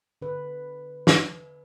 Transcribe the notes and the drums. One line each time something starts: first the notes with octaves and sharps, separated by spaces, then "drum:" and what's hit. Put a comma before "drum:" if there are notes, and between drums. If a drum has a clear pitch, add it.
D3 B4
drum: snare